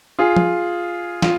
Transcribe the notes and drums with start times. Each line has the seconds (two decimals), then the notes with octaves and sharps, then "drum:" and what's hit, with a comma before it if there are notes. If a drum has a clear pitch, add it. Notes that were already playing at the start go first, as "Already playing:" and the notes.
0.19 F4 G#4
0.36 drum: tom
1.22 F4, drum: snare